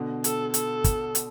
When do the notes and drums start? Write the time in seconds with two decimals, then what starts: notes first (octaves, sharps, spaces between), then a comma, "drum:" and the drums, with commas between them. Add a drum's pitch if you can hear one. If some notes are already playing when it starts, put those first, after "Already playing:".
Already playing: B2 D3
0.24 A4, drum: hi-hat
0.54 A4, drum: hi-hat
0.84 drum: kick, hi-hat
1.15 drum: hi-hat